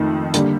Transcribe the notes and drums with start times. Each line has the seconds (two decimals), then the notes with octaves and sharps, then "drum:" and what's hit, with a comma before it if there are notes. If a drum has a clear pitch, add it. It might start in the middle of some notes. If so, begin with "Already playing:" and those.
Already playing: F2 D#3 A3
0.34 D3 G3 A#3, drum: hi-hat